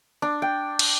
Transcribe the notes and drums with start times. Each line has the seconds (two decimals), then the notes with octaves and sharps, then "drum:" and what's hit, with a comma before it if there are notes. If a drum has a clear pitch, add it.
0.22 D4
0.42 G5
0.79 drum: cymbal